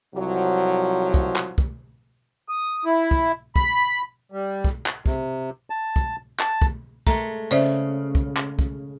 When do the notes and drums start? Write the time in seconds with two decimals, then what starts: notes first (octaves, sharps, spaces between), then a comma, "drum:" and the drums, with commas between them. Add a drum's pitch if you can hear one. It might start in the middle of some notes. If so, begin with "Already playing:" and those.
0.15 C2 F3 F#3
1.14 drum: kick
1.36 drum: clap
1.58 drum: kick
2.49 D#6
2.85 E4
3.11 drum: kick
3.56 B5, drum: kick
4.32 G3
4.64 drum: kick
4.86 drum: clap
5.06 C3, drum: kick
5.70 A5
5.96 drum: kick
6.40 A5, drum: clap
6.62 drum: kick
7.07 G#3 A3 A#5, drum: kick
7.51 C#3 C5 D5 E5
8.15 drum: kick
8.37 drum: clap
8.59 drum: kick